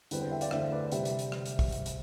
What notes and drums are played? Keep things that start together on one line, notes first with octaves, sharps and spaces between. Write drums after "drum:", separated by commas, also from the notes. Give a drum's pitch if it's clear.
E2 D3 G3 C4 B4, drum: hi-hat
C5
E5 G5
D5 F5, drum: hi-hat
E2 D3 A3 C5 E5, drum: rim click
B4 D5
D5
C3 G3 C4 C5 E5, drum: hi-hat
drum: hi-hat
drum: hi-hat
drum: rim click
drum: hi-hat
drum: kick, open hi-hat
drum: hi-hat
drum: hi-hat